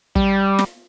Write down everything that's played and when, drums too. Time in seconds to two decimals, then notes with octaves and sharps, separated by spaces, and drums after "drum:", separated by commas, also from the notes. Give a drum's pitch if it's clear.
0.15 G3, drum: kick
0.59 drum: snare